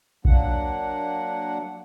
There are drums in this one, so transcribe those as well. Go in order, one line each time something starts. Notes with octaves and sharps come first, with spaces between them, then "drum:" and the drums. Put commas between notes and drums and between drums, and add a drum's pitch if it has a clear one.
F#3 A#3 D4 F#5, drum: kick A#1